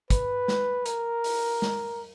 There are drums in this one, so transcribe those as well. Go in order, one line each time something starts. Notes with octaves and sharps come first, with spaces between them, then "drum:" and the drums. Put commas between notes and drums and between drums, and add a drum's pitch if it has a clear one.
B4, drum: kick, hi-hat
drum: snare
A#4, drum: hi-hat
drum: open hi-hat
drum: snare